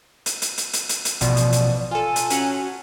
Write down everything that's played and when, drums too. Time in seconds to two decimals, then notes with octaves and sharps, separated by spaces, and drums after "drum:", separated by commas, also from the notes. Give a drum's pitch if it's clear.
0.26 drum: hi-hat
0.42 drum: hi-hat
0.58 drum: hi-hat
0.73 drum: hi-hat
0.89 drum: hi-hat
1.05 drum: hi-hat
1.21 A1 B2 F3 D5, drum: hi-hat
1.37 drum: hi-hat
1.52 drum: hi-hat
1.91 F4 A4 G#5
2.16 drum: hi-hat
2.30 F#3 C#4 F#5, drum: hi-hat